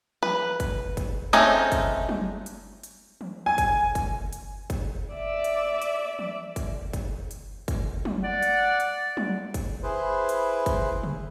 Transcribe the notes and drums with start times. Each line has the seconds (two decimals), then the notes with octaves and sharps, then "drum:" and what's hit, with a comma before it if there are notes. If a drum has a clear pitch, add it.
0.23 B4, drum: tom E3
0.60 drum: kick, hi-hat
0.97 drum: kick, hi-hat
1.33 G#3 A3 C4 C#4 D#4, drum: hi-hat
1.72 drum: kick, hi-hat
2.09 drum: tom F#3
2.46 drum: hi-hat
2.83 drum: hi-hat
3.21 drum: tom E3
3.46 G#5
3.58 drum: kick, hi-hat
3.95 drum: kick, hi-hat
4.33 drum: hi-hat
4.70 drum: kick, hi-hat
5.14 D5 E5
5.44 drum: hi-hat
5.82 drum: hi-hat
6.19 drum: tom E3
6.56 drum: kick, hi-hat
6.93 drum: kick, hi-hat
7.31 drum: hi-hat
7.68 drum: kick, hi-hat
8.05 drum: tom F#3
8.24 D5 F#5
8.43 drum: hi-hat
8.80 drum: hi-hat
9.17 drum: tom F#3
9.54 drum: kick, hi-hat
9.83 E4 G#4 B4 C5
10.29 drum: hi-hat
10.66 drum: kick, hi-hat
11.03 drum: tom C3